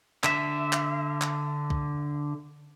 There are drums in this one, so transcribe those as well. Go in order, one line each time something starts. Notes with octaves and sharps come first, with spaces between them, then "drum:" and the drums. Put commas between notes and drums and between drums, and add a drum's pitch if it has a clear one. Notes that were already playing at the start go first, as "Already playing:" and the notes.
D3 E5, drum: clap
drum: clap
drum: clap
drum: kick